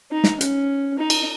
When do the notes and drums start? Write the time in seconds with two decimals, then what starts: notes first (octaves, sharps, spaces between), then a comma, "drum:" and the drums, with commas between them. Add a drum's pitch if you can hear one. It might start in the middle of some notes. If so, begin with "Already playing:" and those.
0.12 D#4
0.24 drum: snare
0.41 C#4, drum: hi-hat
0.98 D#4
1.10 drum: cymbal